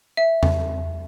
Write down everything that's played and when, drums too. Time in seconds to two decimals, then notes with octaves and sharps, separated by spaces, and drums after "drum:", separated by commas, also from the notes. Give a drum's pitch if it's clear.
0.17 E5
0.43 drum: tom E2